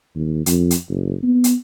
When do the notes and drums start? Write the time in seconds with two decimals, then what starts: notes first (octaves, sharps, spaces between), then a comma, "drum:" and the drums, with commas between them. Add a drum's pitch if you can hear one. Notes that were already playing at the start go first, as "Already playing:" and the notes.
0.15 D#2
0.46 F2, drum: hi-hat
0.71 drum: hi-hat
0.89 F#1
1.23 B3
1.44 drum: hi-hat